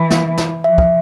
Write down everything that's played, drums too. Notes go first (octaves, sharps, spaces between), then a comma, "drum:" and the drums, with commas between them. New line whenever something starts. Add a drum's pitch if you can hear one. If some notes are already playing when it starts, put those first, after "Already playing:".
Already playing: E3 E5
drum: snare
drum: snare
F3 E5
drum: kick